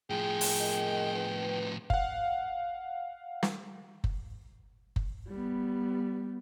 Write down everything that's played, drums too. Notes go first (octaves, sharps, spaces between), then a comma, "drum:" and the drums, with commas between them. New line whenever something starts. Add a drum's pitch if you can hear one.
A2 F3 G#4 G5
drum: open hi-hat
A#4 D#5
B4
F5 F#5, drum: kick F#1
drum: snare
drum: kick F#1
drum: kick F#1
G3 B3